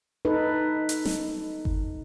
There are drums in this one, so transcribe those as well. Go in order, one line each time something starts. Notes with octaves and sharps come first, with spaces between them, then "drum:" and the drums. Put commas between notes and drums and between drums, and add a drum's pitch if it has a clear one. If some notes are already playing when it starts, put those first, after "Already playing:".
D#4 A4 B4
drum: hi-hat
drum: snare
drum: kick G1